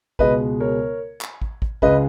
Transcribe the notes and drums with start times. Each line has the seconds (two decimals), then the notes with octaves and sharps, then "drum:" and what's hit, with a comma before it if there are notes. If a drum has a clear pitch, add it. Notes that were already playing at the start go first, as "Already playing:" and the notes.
0.19 C#2 B2 G#3 B4 D#5, drum: kick
0.60 A#4 C#5
1.21 drum: clap
1.42 drum: kick
1.62 drum: kick
1.82 C#2 C#3 G#3 B4 D#5, drum: kick